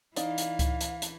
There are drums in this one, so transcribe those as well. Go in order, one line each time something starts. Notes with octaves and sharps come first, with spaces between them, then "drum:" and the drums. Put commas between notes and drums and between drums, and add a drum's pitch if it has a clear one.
E3 D#4 D5 F5, drum: hi-hat
drum: hi-hat
drum: kick C#2, hi-hat
drum: hi-hat
drum: hi-hat